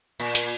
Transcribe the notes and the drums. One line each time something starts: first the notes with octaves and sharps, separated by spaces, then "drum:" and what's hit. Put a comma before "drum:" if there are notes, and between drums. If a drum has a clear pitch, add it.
A#2
drum: hi-hat